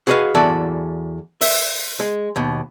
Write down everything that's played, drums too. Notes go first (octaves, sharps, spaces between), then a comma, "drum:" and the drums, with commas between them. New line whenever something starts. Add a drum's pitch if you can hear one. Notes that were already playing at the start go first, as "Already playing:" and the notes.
F#4 G#4 B4 C5 D#5 F5
E2 E3 F#4 A4 D5 A5
E5, drum: open hi-hat
G#3
D#2 B2